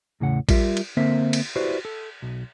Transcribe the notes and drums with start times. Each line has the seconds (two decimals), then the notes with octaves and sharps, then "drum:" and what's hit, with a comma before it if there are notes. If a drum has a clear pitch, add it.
0.20 E2 A2 C#3 F#5
0.49 G3 F4 A#4 E5, drum: kick A1, cymbal
0.77 drum: cymbal
0.97 D3 A#3 C4 A#4 C5 E5
1.33 drum: cymbal
1.56 E4 F#4 G4 B4 C5 D5
1.85 A4
2.22 B1